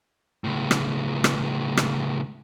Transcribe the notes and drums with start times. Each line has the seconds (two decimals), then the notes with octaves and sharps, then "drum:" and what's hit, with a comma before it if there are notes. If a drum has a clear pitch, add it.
0.44 C#2 A2
0.71 drum: rim click
1.24 drum: rim click
1.77 drum: rim click